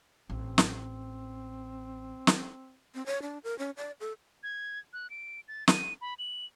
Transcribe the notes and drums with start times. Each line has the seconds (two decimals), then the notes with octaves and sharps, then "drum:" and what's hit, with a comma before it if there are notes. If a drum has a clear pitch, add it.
0.30 A1 C4
0.58 drum: snare
2.27 drum: snare
2.94 C4
3.06 C#5
3.22 D4
3.44 A#4
3.59 C#4
3.77 D5
4.00 A4
4.43 G#6
4.93 F#6
5.10 D7
5.48 A6
5.68 D#7, drum: snare
6.01 B5
6.19 F#7